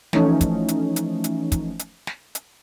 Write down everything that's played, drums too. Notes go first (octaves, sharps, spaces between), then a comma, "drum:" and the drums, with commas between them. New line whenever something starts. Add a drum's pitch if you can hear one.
E3 F3 A3 C#4 D#4, drum: snare
drum: kick, hi-hat
drum: hi-hat
drum: hi-hat
drum: hi-hat
drum: kick, hi-hat
drum: hi-hat
drum: snare
drum: hi-hat